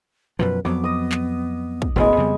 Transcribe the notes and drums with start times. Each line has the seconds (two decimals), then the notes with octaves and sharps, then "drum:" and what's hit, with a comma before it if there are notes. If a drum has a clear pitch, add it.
0.39 F#2 B2 F3 B4
0.65 F2 F#3 B3 D6
0.84 D#5 D#6
1.12 drum: clap
1.82 drum: kick
1.96 E1 A1 E3 G#3 B3 G#5 B5
2.17 F2 C#3 G3